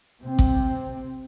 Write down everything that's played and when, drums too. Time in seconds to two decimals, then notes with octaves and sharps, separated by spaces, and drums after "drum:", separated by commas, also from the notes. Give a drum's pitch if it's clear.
0.22 C3 C4
0.39 drum: kick A1